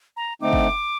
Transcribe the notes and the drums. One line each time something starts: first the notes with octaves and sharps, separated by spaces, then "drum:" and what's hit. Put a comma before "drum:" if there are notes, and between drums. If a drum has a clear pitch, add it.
A#5
D3 A3 C4 D#4 D6
drum: kick